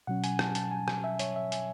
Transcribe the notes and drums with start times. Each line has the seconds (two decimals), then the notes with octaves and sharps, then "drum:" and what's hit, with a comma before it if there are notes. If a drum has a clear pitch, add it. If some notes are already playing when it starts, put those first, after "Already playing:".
0.07 B2 F#3 C#4 F#5
0.24 G#5, drum: hi-hat
0.39 A5, drum: rim click
0.55 A5, drum: hi-hat
0.71 G#5
0.88 G#5, drum: rim click
1.04 E5
1.19 C#5, drum: hi-hat
1.36 E5
1.52 G#5, drum: hi-hat